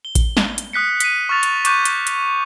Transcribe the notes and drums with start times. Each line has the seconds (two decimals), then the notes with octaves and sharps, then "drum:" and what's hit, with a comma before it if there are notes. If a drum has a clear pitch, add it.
0.05 G7
0.15 drum: kick A1, hi-hat
0.37 drum: snare
0.58 drum: hi-hat
0.73 D#6 F#6 B6 C#7
1.00 B6 D#7, drum: hi-hat
1.29 C#6 F6 A6 F7
1.43 drum: hi-hat
1.65 C#6 D6 F#6 G6 D#7, drum: hi-hat
1.85 drum: hi-hat
2.07 drum: hi-hat